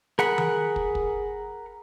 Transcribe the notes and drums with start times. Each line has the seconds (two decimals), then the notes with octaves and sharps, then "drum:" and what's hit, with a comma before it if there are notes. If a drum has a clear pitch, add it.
0.19 G#4 A#4 F#5 B5, drum: snare
0.38 drum: tom D#3
0.76 drum: kick
0.95 drum: kick